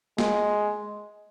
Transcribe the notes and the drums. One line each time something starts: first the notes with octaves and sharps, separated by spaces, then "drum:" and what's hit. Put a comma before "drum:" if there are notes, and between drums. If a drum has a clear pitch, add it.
G#3, drum: snare